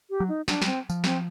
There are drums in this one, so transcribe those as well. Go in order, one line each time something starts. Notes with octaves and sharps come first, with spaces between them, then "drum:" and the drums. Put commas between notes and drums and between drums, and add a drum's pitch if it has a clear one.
G4
F#3
D#4
F#3 D4, drum: snare
G3, drum: snare
C4
F3, drum: tambourine
C4, drum: snare